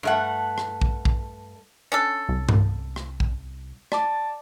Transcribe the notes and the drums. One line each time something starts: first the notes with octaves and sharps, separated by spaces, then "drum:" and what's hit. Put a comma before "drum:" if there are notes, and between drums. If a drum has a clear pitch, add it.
G2 A3 F#5
drum: rim click
drum: kick A#1
drum: kick A#1
C#4 D4 A4
C2
drum: tom G2
drum: rim click
drum: kick A#1
D5 A5 D6, drum: rim click